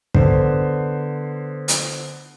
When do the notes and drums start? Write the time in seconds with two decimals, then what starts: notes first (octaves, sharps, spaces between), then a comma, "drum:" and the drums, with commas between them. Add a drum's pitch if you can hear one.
0.14 D3 B3 C5, drum: kick
1.68 drum: hi-hat